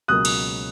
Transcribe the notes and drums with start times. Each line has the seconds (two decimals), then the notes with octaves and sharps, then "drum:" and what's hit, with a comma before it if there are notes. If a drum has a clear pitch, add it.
0.08 C#2 B2 F#3 A#3 D#6 F#6
0.25 drum: cymbal